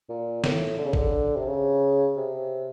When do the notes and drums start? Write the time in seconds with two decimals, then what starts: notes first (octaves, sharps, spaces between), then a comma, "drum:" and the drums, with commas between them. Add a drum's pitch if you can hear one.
0.09 A#2
0.44 A2, drum: snare
0.79 D3
0.85 C#3
0.93 D3, drum: kick
1.37 C3
1.48 C#3
2.17 C3